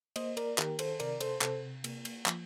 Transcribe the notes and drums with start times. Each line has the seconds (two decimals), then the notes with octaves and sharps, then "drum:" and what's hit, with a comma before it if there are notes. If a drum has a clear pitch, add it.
0.16 A#3 C5 D#5, drum: cymbal
0.37 A#4 D5, drum: cymbal
0.58 D#3 G4 A#4, drum: clap
0.79 A4 C5, drum: cymbal
1.00 C3 A#4 D5, drum: cymbal
1.21 A4 C5, drum: cymbal
1.42 C3 A4 C5, drum: clap
1.84 A#3, drum: cymbal
2.05 drum: cymbal
2.26 F3, drum: clap